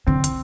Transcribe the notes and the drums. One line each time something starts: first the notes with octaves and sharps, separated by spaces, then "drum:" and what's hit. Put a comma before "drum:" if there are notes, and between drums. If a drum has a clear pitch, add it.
D3 C4
drum: hi-hat